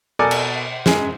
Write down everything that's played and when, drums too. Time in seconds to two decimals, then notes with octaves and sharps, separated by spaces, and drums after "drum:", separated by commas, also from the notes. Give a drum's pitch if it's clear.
0.19 B2 A4 A#4 D5 G#5 D6
0.31 drum: cymbal
0.86 F#2 G#3 G#5, drum: snare